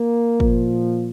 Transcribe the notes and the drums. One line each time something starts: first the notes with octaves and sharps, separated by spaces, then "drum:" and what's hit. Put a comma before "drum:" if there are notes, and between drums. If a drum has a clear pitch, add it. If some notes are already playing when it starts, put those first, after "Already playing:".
Already playing: A#3
A#2 F3, drum: kick